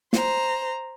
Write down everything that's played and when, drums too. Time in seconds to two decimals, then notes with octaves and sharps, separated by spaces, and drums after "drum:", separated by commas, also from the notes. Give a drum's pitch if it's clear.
0.13 C5 A#5, drum: snare